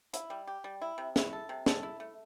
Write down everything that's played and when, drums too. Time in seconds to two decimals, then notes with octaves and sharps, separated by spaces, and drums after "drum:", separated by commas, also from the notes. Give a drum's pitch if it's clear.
0.13 E4, drum: hi-hat
0.30 G3
0.47 G4
0.64 G3
0.81 E4
0.98 C3
1.16 E4, drum: snare
1.33 A4
1.49 C3
1.66 A4, drum: snare
1.83 E4
2.00 A3